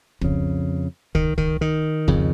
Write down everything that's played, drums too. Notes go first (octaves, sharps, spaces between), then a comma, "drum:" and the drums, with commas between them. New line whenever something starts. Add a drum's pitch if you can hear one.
F2 C#3, drum: kick
D#3, drum: kick
D#3, drum: kick
D#3
F2 C#3, drum: kick